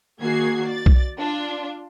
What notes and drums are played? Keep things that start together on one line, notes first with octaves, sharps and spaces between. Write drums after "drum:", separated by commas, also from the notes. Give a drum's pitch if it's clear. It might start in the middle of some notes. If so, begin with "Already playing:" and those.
D#3 A#3 F#4 G#4 G#6 C7
D5 A6
drum: kick B1
D4 F4